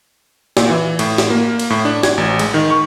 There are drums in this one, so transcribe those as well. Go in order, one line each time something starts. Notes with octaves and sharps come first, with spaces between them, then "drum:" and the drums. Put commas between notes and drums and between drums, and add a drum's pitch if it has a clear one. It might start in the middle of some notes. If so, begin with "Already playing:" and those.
A#2, drum: snare
E3
A2, drum: cymbal
drum: snare
A#3
drum: cymbal
A2
D4
G#6, drum: snare
A1
G#3, drum: cymbal
D#3
C#6